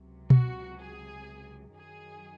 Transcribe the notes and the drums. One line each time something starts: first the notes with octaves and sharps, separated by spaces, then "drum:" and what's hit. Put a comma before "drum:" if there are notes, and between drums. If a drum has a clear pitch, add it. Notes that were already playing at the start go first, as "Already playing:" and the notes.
Already playing: C#2 C3 F#3
F#4, drum: tom B2
G#4
F#2 D#3 F#3 G#4